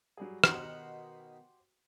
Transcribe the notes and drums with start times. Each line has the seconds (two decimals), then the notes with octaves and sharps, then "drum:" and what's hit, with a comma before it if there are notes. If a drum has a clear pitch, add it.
0.17 F#3 G3 G#4
0.44 B2 D#3 F#4 G4 C5 F#5, drum: rim click